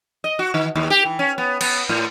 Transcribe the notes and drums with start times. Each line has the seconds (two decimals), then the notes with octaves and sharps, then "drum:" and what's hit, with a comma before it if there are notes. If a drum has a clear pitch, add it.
0.24 D#5
0.39 F#4
0.54 D#3
0.75 D#2
0.90 G4
1.06 E3
1.19 C#4
1.38 B3
1.61 B3, drum: cymbal
1.89 A2